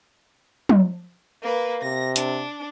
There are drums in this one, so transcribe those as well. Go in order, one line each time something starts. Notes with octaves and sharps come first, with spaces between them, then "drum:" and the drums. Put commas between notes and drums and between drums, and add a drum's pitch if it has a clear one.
drum: tom
A#3 B4
C3 A#6
D4, drum: hi-hat